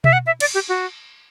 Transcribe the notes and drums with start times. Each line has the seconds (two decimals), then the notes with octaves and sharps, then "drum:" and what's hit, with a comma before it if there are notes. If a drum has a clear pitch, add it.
0.04 E5, drum: tom B2
0.13 F#5
0.26 E5
0.40 D5, drum: cymbal
0.54 G4
0.69 F#4